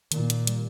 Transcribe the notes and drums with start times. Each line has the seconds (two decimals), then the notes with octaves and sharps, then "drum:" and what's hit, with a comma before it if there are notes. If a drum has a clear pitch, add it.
0.12 A#2 D#3, drum: hi-hat
0.30 drum: hi-hat
0.47 G3, drum: hi-hat